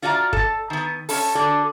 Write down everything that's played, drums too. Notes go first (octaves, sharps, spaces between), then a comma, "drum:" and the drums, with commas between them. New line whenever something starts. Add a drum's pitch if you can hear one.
F4 F#4 D5 F5 G#5 A#5
A4, drum: kick
D#3 B3
C#4 A4, drum: open hi-hat
D3 F#4 A4 D5